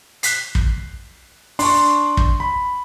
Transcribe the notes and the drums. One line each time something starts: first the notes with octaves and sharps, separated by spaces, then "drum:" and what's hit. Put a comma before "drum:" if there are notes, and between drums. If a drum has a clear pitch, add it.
F#6 B6 C7, drum: hi-hat
drum: kick
D4 C6 C#6, drum: open hi-hat
drum: kick
B5